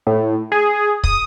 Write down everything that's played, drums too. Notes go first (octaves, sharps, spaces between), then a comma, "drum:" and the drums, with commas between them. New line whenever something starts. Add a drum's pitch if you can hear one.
A2
G#4
D#6, drum: kick